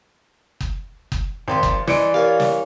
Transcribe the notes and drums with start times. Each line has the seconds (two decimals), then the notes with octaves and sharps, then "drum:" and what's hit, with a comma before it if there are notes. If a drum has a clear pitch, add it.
0.60 drum: kick F#1
1.12 drum: kick F#1
1.48 G#1 F3 G4 C5
1.63 drum: kick F#1
1.87 E3 C5 D5 D#5 C#7 D7, drum: snare
2.14 G4 A#4 C#5 D#5 F5
2.40 drum: snare